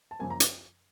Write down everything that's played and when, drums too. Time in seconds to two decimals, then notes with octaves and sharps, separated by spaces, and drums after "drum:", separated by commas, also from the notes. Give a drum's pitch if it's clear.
0.11 A5
0.19 F#2 C#3 F3 A#3 G#5
0.30 A#5
0.40 drum: hi-hat